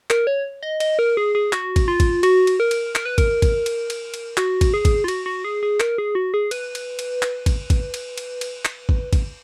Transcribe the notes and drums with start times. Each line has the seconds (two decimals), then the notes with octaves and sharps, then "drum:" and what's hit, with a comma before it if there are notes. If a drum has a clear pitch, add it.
0.10 A#4, drum: clap
0.27 C#5
0.63 D#5
0.80 D#5, drum: cymbal
0.99 A#4
1.17 G#4
1.35 G#4
1.53 F#4, drum: clap
1.76 drum: kick G#1, cymbal
1.88 F4
2.00 drum: kick G#1, cymbal
2.23 F#4, drum: cymbal
2.47 drum: cymbal
2.60 A#4
2.71 drum: cymbal
2.95 A#4, drum: clap
3.05 B4
3.18 A#4, drum: kick G#1, cymbal
3.42 drum: kick G#1, cymbal
3.66 drum: cymbal
3.90 drum: cymbal
4.14 drum: cymbal
4.37 F#4, drum: clap
4.61 drum: kick G#1, cymbal
4.74 G#4
4.85 drum: kick G#1, cymbal
5.04 F4
5.08 F#4, drum: cymbal
5.26 F#4
5.44 G#4
5.63 G#4
5.80 A#4, drum: clap
5.98 G#4
6.15 F#4
6.34 G#4
6.51 B4, drum: cymbal
6.75 drum: cymbal
6.99 drum: cymbal
7.22 drum: clap
7.46 drum: kick G#1, cymbal
7.70 drum: kick G#1, cymbal
7.94 drum: cymbal
8.18 drum: cymbal
8.41 drum: cymbal
8.65 drum: clap
8.89 drum: kick G#1
9.13 drum: kick G#1, cymbal